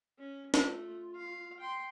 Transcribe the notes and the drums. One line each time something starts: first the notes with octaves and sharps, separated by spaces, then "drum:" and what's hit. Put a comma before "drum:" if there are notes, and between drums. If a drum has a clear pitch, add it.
C#4
A3 F4, drum: snare
F5
G5 C6